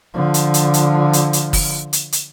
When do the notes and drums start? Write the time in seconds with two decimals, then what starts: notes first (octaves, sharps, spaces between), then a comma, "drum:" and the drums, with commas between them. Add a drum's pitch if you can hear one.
0.14 D3 F3
0.34 drum: hi-hat
0.54 drum: hi-hat
0.74 drum: hi-hat
1.13 drum: hi-hat
1.33 drum: hi-hat
1.53 drum: kick F#1, open hi-hat
1.93 drum: hi-hat
2.12 drum: hi-hat